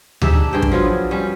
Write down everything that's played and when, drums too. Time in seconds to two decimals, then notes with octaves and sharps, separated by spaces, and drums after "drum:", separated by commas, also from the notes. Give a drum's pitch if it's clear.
0.22 D#4 G4 G#4 E5, drum: tom D2
0.34 D4
0.53 G2 G#4 G5
0.62 drum: kick
0.71 F3 F#3 B3 F4
1.11 G3 C#4